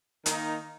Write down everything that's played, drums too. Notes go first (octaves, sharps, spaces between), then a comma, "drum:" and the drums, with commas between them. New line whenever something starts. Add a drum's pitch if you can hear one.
D#3 A#3 D#4, drum: hi-hat